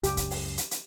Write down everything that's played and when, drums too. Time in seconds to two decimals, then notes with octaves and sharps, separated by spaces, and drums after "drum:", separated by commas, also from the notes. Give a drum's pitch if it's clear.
0.03 C#2 F#2 C#3 G4, drum: hi-hat
0.17 drum: kick, hi-hat
0.31 drum: open hi-hat
0.58 drum: hi-hat
0.71 drum: hi-hat